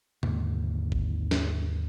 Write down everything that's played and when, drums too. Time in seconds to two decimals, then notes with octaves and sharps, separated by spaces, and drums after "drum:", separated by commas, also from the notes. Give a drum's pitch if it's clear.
0.23 D#2 G#2 D3 A#3, drum: tom C3
0.92 drum: kick G#1
1.31 drum: snare